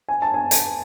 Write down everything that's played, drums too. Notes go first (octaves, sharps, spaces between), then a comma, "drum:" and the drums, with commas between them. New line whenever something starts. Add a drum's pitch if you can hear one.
G#5
A5
G#5
drum: hi-hat